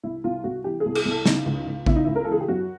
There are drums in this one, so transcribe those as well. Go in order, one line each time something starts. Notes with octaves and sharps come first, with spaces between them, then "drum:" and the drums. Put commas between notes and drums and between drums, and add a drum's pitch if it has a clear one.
C2 E4
C2 F4
C2 F#4
E3 G4
G#4
C2
G#4, drum: cymbal
C2
A4
C#3 D#4, drum: snare
C#2
C#2
C#3 E4, drum: kick
D#4
C#2 E4
A#4
A4
E3 G#4
G4
F#2 F#4